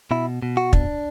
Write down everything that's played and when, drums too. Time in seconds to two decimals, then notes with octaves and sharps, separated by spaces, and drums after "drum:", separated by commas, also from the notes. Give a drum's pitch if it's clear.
0.11 B2 E4
0.42 B2
0.57 F#4
0.73 D4, drum: kick